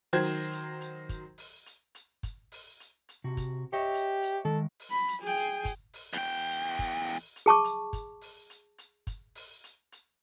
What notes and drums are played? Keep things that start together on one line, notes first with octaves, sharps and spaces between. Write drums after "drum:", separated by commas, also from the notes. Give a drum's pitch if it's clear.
D#3 F#3 C5 G#6
drum: open hi-hat
drum: hi-hat
drum: hi-hat
drum: kick, hi-hat
drum: open hi-hat
drum: hi-hat
drum: hi-hat
drum: kick, hi-hat
drum: open hi-hat
drum: hi-hat
drum: hi-hat
C3 F#4
drum: kick, hi-hat
G4 C#5 D#5 E5
drum: hi-hat
drum: hi-hat
D#3 G#3 A4
drum: open hi-hat
B5
drum: hi-hat
G#4 G5
drum: hi-hat
drum: kick, hi-hat
drum: open hi-hat
E2 G5
drum: hi-hat
drum: kick, hi-hat
drum: open hi-hat
drum: hi-hat
G#4 A5 C#6 D6
drum: hi-hat
drum: kick, hi-hat
drum: open hi-hat
drum: hi-hat
drum: hi-hat
drum: kick, hi-hat
drum: open hi-hat
drum: hi-hat
drum: hi-hat